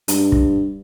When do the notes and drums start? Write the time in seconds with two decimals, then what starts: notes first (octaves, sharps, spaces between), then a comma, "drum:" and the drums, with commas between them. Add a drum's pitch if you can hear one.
0.08 G2, drum: hi-hat
0.32 drum: kick